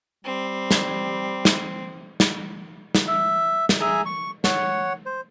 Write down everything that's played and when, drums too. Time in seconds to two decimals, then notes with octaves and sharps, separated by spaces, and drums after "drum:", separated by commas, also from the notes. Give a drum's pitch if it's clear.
0.25 G3 C4
0.71 drum: snare
1.45 drum: snare
2.20 drum: snare
2.95 drum: snare
3.08 E5
3.69 drum: snare
3.81 G#4 E5 G#5 A#5
4.06 C#6
4.44 C#5 F#5, drum: snare
5.06 C5